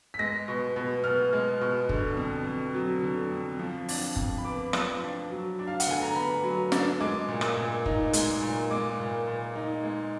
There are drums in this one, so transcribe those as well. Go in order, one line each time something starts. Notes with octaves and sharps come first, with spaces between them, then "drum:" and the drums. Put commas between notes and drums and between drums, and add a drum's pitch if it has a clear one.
B6
G#3 A#6
B2
B2
B3 F6
G#3
B2
D3, drum: kick
F2
F2
F#3
D3
F2
F3
D4, drum: open hi-hat
F2, drum: kick
B5
B3 D6
F3, drum: rim click
D4
F#3
D4
F5
F#5, drum: hi-hat
D3 G#5
A#5
B3 B5
F#3
D4, drum: snare
G#3 D6
A#2
drum: rim click
A#2
D#4, drum: kick
G#3, drum: hi-hat
A#2
G#3 D6
A#2
A#2
D#4
G#3